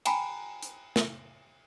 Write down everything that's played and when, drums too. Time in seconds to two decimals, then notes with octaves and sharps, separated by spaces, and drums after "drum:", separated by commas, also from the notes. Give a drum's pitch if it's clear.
0.06 G5 G#5 A#5 B5, drum: cymbal
0.63 drum: hi-hat
0.96 drum: snare